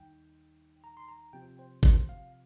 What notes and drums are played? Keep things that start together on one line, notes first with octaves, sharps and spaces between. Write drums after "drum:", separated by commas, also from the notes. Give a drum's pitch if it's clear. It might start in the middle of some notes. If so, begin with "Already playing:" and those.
Already playing: D#2 D#3 G3 D#4 G5
A#5
C6
A#5
C3 F3 C4 G5
C5
C5, drum: kick G#1
F5